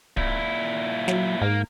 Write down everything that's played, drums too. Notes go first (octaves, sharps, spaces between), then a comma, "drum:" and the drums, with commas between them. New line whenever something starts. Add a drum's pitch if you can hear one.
A#2 E4, drum: kick D1
F#3, drum: snare
G#2 A#3